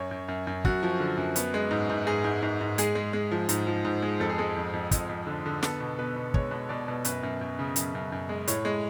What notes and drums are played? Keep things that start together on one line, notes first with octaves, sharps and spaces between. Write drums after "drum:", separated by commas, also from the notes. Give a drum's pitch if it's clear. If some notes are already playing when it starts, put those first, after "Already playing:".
Already playing: F#2 C#5
F#2
F#2
F#2
F#2 F#4, drum: kick
F3
D3
F#2
B3, drum: hi-hat
G#3
G#2
G#2
G#2 G#4
G#2
G#2
G#2
G#3 G#4, drum: hi-hat
G#3
G#3
F3
G#2, drum: hi-hat
F3
G#2
G#3
F2 A4
G#4
G#3 A4
F2
F2
F2, drum: kick, hi-hat
F2
D3
D3
B3 A4, drum: snare
B2
B2 B4
B2
G#3 C#5, drum: kick
B2
B2 D5
B2
F#2 B4, drum: hi-hat
F#2
F#2
C#3
F#2, drum: hi-hat
F#2
F#2
G#3
A2 C#5, drum: hi-hat
G#3